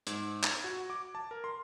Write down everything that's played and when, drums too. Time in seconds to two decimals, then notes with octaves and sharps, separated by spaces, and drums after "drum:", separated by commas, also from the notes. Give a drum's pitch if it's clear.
0.07 G#2, drum: hi-hat
0.44 G#6, drum: clap
0.64 F#4
0.90 D6
1.15 A5
1.31 A#4
1.44 C6